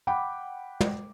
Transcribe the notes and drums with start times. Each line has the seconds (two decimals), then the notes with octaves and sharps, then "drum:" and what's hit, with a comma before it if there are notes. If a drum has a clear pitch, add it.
0.07 F#5 G5 B5 D6
0.81 drum: tom